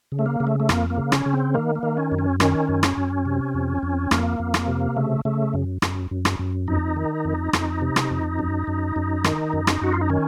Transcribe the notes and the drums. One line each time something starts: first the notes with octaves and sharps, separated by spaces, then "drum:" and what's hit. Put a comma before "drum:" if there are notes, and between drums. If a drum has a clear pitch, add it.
C#3
A3
A#3
C#3
A3
A3
F2 A#3, drum: rim click
A#3
C#3
C#4, drum: rim click
C#3
C4
D#3 A#3
A#3
D#3
C#4
F#2
C#4
D#3 C#4, drum: rim click
F#2
drum: rim click
F#2
C3
F2
F2
F2 A#3, drum: rim click
F2
drum: rim click
C3
C#3 A3
C#3 A3
F#2
F#2, drum: rim click
F#2
drum: rim click
F#2
F2 D#4
D#3
F2
F2, drum: rim click
C3
drum: rim click
F2
F#2
F#2
F#2
D#3, drum: rim click
F#2
drum: rim click
F#2 F#4
F4
D#4
D#3 C#4